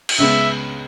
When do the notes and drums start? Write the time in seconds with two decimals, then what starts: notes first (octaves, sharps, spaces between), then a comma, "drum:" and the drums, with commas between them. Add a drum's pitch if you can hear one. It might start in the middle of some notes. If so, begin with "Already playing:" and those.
0.09 drum: cymbal
0.18 C#2 C#3 G#3 B3 E5